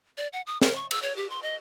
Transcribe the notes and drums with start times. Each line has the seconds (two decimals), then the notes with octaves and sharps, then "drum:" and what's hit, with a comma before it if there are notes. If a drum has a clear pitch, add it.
0.18 D5
0.33 F#5
0.47 D#6
0.62 A#4, drum: snare
0.76 C#6
0.91 E6, drum: cymbal
1.02 C#5
1.16 G4
1.30 C6
1.43 D#5